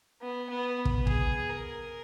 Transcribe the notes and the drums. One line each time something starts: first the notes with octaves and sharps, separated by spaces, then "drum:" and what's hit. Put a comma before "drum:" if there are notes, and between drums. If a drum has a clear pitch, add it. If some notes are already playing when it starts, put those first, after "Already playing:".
B3
B3
drum: kick
G#4, drum: kick
A#4